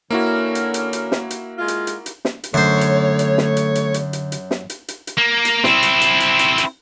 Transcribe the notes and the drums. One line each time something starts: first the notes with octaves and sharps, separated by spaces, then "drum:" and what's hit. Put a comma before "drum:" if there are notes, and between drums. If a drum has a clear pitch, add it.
D3 A#3 C#4 E4 F#4 A#4
drum: hi-hat
drum: hi-hat
drum: hi-hat
drum: snare
drum: hi-hat
G#3 F4
drum: hi-hat
drum: hi-hat
drum: hi-hat
drum: snare
drum: hi-hat
F#2 D3 A3 C5 C#5
drum: hi-hat
drum: hi-hat
drum: snare
drum: hi-hat
drum: hi-hat
drum: hi-hat
drum: hi-hat
drum: hi-hat
drum: snare
drum: hi-hat
drum: hi-hat
drum: hi-hat
A#3
drum: hi-hat
C4 E4, drum: snare
drum: hi-hat
drum: hi-hat
drum: hi-hat
drum: hi-hat
drum: hi-hat